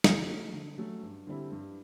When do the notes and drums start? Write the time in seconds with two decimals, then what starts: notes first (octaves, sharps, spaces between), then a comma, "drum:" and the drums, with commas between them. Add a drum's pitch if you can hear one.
0.04 D3, drum: snare
0.29 F#3 A3 C#4
0.53 D3
0.78 F#3 A3 C#4
1.03 G2
1.27 D3 G3 C4 E4
1.52 G2